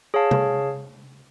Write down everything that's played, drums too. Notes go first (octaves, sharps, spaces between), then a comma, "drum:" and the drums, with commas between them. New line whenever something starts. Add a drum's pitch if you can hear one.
G#4 C#5 F5 A5
drum: tom C3